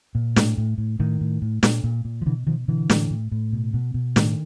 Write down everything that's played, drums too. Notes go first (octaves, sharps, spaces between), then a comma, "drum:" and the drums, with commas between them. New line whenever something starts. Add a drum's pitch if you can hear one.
A#2
A2, drum: snare
A2
A2
A2 D#3
A2
A2
A#2, drum: snare
A#2
A#2
F3
B2 D3 E3
B2 D#3 F3
B2 D3 E3
A2, drum: snare
A2
A2
B2
B2
B2
A2 D#3, drum: snare